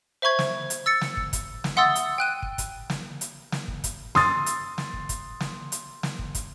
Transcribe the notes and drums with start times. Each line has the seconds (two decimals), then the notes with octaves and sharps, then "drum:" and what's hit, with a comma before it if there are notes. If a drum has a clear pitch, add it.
0.22 C5 E5 B5 C#6 G#6
0.39 drum: snare
0.70 drum: hi-hat
0.86 E6 A6 C#7
1.01 drum: snare
1.17 drum: kick
1.33 drum: kick, hi-hat
1.64 drum: snare
1.76 E5 F#5 C6 D#6 E6 A6
1.95 drum: hi-hat
2.18 G5 F#6 D#7
2.43 drum: kick
2.58 drum: kick, hi-hat
2.90 drum: snare
3.21 drum: hi-hat
3.52 drum: snare
3.68 drum: kick
3.84 drum: kick, hi-hat
4.15 C6 D#6 A6, drum: snare
4.46 drum: hi-hat
4.78 drum: snare
4.93 drum: kick
5.09 drum: kick, hi-hat
5.40 drum: snare
5.72 drum: hi-hat
6.03 drum: snare
6.19 drum: kick
6.35 drum: kick, hi-hat